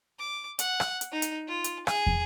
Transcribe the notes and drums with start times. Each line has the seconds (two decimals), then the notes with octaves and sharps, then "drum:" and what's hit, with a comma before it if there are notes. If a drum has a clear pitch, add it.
0.19 D6
0.59 F#5, drum: hi-hat
0.80 drum: rim click
1.01 drum: hi-hat
1.12 D#4
1.22 drum: hi-hat
1.48 F4
1.64 drum: hi-hat
1.87 G#4, drum: rim click
2.07 drum: kick